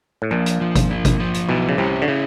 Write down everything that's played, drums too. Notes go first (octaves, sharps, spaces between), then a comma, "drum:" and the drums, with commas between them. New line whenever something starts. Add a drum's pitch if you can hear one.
A2
A#1 A#2 F3
drum: hi-hat
F3
drum: kick, hi-hat
A#3
drum: kick, hi-hat
F3
drum: hi-hat
B1 B2 E4
C#3
C2 C3 C#4
D3
C#3 E4